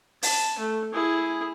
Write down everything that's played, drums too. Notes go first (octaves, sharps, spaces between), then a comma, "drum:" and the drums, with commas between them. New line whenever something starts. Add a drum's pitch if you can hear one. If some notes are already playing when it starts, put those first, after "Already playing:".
A5, drum: open hi-hat
A3
E4 G#4